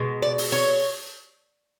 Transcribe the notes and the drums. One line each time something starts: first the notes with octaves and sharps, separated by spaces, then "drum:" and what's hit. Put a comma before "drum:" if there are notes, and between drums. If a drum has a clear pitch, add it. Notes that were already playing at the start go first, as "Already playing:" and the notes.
Already playing: B2 G#3
D5
drum: open hi-hat
C#5